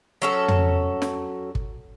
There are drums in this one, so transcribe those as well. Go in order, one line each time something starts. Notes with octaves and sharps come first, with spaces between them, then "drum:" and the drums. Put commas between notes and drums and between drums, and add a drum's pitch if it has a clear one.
F#3 C#4 F#4 A4
drum: tom
drum: snare
drum: kick